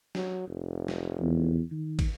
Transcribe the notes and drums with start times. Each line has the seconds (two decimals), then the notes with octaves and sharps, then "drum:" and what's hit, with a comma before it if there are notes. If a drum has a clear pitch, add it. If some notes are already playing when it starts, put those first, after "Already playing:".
0.15 F#3, drum: snare
0.47 F1
0.88 drum: snare
1.20 E2
1.71 D#3
1.99 drum: kick, cymbal